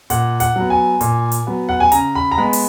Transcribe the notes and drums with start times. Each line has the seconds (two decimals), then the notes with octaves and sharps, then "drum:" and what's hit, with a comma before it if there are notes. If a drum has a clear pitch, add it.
0.10 A#2 F#5, drum: hi-hat
0.40 F#5, drum: hi-hat
0.56 F#3 B3
0.70 G#5
1.01 A#2, drum: hi-hat
1.32 drum: hi-hat
1.47 F#3 B3
1.69 F#5
1.80 G#5
1.92 C#3 A#5, drum: hi-hat
2.15 B5
2.31 A#5
2.37 G#3 B3 B5
2.53 drum: open hi-hat